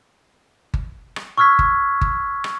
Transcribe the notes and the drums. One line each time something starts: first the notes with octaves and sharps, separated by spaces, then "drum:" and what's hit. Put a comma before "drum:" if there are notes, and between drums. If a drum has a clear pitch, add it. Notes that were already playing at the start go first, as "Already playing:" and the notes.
drum: kick G1
drum: rim click
C#6 E6 F6 G#6 B6
drum: kick G1
drum: kick G1
drum: rim click